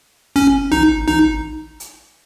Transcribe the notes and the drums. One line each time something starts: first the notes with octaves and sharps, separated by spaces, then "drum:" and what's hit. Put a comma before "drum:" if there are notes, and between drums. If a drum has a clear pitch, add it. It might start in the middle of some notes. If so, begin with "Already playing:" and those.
C#4, drum: kick, hi-hat
D#4, drum: tom
D#4, drum: tom
drum: hi-hat